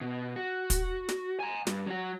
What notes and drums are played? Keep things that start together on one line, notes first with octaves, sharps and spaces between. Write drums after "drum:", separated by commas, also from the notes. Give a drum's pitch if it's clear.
B2
F#4
drum: kick, hi-hat
drum: snare
G#5 A#5
G2, drum: snare
F#3 F#4